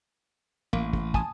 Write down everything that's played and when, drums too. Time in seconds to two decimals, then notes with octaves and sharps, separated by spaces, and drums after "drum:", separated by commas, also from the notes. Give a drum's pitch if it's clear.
0.73 A1 A#3
0.93 drum: kick
1.14 G#5 A5 D#6, drum: kick